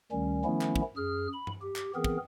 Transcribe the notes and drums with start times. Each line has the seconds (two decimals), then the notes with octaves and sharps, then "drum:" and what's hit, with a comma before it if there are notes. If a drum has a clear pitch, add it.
0.12 D2 D#3 G3 C#4
0.44 D#3 F3 A3 B3 C#4 E4
0.61 drum: clap
0.76 drum: kick
0.97 F#2 G#4 F6
1.33 B5
1.47 drum: tom G2
1.61 G4
1.76 drum: clap
1.95 E3 B3 C4 G#4 A#4
2.04 drum: kick